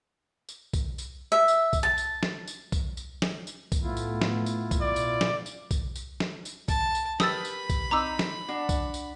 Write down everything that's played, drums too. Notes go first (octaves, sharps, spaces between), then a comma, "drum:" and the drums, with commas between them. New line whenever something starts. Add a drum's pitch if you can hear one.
drum: tambourine
drum: kick B1, tambourine
drum: tambourine
E5
drum: tambourine
drum: kick B1, tambourine
A5
drum: tambourine
drum: snare
drum: tambourine
drum: kick B1, tambourine
drum: tambourine
drum: snare
drum: tambourine
drum: kick B1, tambourine
A2 A3 B3 E4 F4
drum: tambourine
drum: snare
drum: tambourine
drum: kick B1, tambourine
B2 D5
drum: tambourine
drum: snare
drum: tambourine
drum: kick B1, tambourine
drum: tambourine
drum: snare
drum: tambourine
A5, drum: kick B1, tambourine
drum: tambourine
G4 A#4 B4 B5 D#6 E6 A6, drum: snare
drum: tambourine
drum: kick B1, tambourine
C4 D#4 A#5 D6 E6
drum: snare
D4 F#4
drum: kick B1, tambourine
drum: tambourine